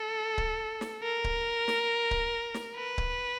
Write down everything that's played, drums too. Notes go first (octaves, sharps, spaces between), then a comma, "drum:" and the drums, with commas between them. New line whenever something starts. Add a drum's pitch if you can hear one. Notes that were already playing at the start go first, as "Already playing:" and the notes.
Already playing: A4
drum: kick C#1
drum: snare
A#4
drum: kick C#1
drum: snare
drum: kick C#1
drum: snare
B4
drum: kick C#1